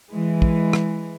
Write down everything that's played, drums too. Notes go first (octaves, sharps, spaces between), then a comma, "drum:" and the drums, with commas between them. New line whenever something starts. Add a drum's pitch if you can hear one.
E3 G#3
drum: kick
drum: rim click